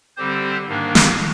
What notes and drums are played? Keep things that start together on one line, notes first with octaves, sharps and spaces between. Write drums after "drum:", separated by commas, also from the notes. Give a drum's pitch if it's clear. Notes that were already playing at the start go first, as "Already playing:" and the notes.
D3 G3 C4 G4 C5
G#2 D#3 A#3 D4
drum: snare